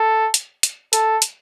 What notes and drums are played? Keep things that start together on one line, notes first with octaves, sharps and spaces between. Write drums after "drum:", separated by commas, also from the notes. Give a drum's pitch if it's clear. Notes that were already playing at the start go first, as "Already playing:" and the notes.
Already playing: A4
drum: hi-hat
drum: hi-hat
A4, drum: hi-hat
drum: hi-hat